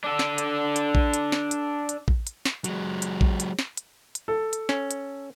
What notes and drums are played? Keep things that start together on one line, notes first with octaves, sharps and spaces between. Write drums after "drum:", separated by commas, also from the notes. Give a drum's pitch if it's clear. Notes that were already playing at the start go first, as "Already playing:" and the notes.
D4 A4
drum: snare
drum: hi-hat
drum: hi-hat
drum: kick
drum: hi-hat
drum: snare
drum: hi-hat
drum: hi-hat
drum: kick
drum: hi-hat
drum: snare
F#3 G#3, drum: hi-hat
drum: hi-hat
drum: kick
drum: hi-hat
drum: snare
drum: hi-hat
drum: hi-hat
A4
drum: hi-hat
C#4, drum: snare
drum: hi-hat